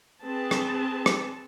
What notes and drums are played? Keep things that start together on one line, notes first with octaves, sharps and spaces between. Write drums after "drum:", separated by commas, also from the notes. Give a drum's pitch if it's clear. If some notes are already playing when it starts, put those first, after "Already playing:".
C4 G#4 B4 A5
drum: rim click
drum: rim click